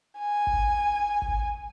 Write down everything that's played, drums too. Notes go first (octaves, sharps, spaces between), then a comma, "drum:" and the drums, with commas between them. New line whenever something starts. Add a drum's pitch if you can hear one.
G#5
drum: kick
drum: kick